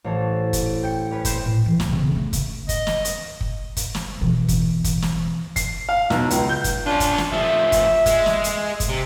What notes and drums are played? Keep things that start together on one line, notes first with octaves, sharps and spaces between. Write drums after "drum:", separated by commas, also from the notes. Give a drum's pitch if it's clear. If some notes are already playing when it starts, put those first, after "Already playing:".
A1 E3 C5 C#5 A5
drum: kick, hi-hat
D7
G5 C#7
C#4 B4 C#5
B3 C4 C6 G6 E7, drum: kick, hi-hat
A2
E3
D2, drum: snare
C#3 B3
C#3 A3
drum: kick, hi-hat
D#5, drum: kick, hi-hat
drum: snare
drum: hi-hat
drum: kick
drum: kick, hi-hat
drum: snare
B2 E3
drum: kick, hi-hat
drum: kick, hi-hat
drum: snare
C7, drum: kick, hi-hat
F5
B1, drum: snare
C#2, drum: hi-hat
G6
drum: kick, hi-hat
C#4 D4 F4
drum: kick, hi-hat
drum: snare
F3 A3 E5
drum: kick, hi-hat
G#3, drum: kick, hi-hat
drum: snare
drum: hi-hat
drum: kick, hi-hat
C3